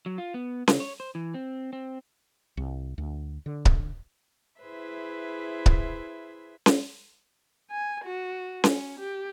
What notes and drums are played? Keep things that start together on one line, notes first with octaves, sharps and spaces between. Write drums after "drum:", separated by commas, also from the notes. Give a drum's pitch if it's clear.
F#3
F4
B3
C#3, drum: snare C#4
C#5
C5
E3
C4
C4
C2
D2
D3
drum: kick C#1
E4 G#4 B4 C5 E5
drum: kick C#1
drum: snare C#4
G#5
F#4
C#4, drum: snare C#4
G4